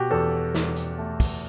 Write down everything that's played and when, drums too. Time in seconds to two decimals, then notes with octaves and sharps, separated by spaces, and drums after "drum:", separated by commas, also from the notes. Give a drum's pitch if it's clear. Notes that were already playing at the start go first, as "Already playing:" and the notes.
Already playing: B2 F#4 G4
0.11 E2 A4
0.55 E2, drum: snare
0.76 drum: hi-hat
0.98 A3
1.20 drum: kick, open hi-hat